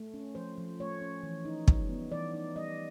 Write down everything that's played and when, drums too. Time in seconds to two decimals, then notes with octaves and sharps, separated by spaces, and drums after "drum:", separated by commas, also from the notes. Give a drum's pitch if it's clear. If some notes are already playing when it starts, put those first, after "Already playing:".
Already playing: A3
0.14 C#4
0.35 F3 C5
0.58 F3
0.80 A3 C#5
1.01 C#4
1.23 E3
1.45 D#4
1.68 G3, drum: kick
1.89 B3
2.12 E3 D5
2.33 D#4
2.56 G3 D#5